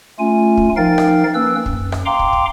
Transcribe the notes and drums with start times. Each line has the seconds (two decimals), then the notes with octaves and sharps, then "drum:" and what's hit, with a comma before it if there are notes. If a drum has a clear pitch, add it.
0.19 A3 C#4 F4 G#5
0.57 drum: kick
0.77 F3 D#4 A#4 F5 G5 A6
0.98 drum: rim click
1.35 A#3 C#4 B4 E6
1.66 F#2, drum: kick
1.92 drum: rim click
2.06 F5 G5 A#5 C6 D6
2.19 drum: kick
2.33 drum: kick